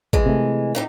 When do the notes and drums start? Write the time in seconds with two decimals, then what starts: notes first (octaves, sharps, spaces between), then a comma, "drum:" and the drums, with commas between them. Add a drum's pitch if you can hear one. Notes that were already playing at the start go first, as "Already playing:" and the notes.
0.13 E3 G#3, drum: kick
0.26 C3 A3
0.75 A2 D#4 G4